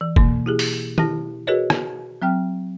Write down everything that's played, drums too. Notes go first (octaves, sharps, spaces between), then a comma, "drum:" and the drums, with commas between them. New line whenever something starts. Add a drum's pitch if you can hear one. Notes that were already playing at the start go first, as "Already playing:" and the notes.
E3
B2 A#3, drum: kick
E4 G4 G#4
drum: open hi-hat
E4 G4 A5 A#6, drum: tom D#3
F#4 G#4 A#4 B4 C#5 D#5
drum: rim click
F#3 C4 G5 F6